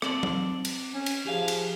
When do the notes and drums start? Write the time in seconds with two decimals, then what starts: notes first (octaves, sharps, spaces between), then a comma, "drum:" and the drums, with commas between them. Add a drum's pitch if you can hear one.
0.02 C4 A4 D5, drum: rim click
0.23 drum: tom F#3
0.65 drum: cymbal
0.94 C#4
1.06 drum: cymbal
1.26 F3 G4 G#4 F5
1.48 drum: cymbal